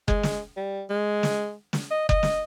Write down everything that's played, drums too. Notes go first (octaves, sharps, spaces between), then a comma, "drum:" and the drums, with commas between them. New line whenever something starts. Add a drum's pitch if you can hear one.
G#3, drum: kick F#1
drum: snare
G3
G#3
drum: snare
drum: snare
D#5
D#5, drum: kick F#1
drum: snare